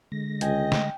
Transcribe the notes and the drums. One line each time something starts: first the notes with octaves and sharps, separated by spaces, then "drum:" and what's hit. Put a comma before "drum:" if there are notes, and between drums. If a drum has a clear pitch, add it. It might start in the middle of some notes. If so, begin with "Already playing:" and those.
D3 G#3 A#6
C#2 D#5 G5 G#5, drum: hi-hat
drum: snare